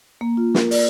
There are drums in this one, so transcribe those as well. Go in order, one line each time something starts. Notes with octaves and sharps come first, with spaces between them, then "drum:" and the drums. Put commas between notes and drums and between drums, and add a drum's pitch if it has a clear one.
A#3
F4
A#4, drum: snare
D5, drum: open hi-hat